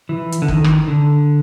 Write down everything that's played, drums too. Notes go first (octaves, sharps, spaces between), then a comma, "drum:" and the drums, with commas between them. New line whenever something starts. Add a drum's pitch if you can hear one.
E3
drum: hi-hat
D3
D#3, drum: kick
drum: rim click
D3